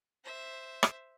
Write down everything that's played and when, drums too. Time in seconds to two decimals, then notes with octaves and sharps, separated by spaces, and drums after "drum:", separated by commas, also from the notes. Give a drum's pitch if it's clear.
0.24 C5 E5
0.83 drum: rim click